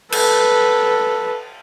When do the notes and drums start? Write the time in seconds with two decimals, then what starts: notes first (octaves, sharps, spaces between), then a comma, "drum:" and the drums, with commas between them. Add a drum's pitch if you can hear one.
0.12 A4 B4, drum: cymbal